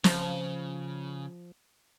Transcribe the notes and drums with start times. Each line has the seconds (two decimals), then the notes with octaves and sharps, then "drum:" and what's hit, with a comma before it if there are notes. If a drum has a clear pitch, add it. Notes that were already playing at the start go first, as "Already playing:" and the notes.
0.04 C#3 F3, drum: snare